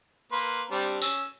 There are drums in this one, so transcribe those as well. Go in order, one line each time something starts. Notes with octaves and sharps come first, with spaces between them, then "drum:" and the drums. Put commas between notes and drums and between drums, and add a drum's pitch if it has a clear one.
A#3 B4 C6
G3 C4 D4
C#4 E6, drum: tambourine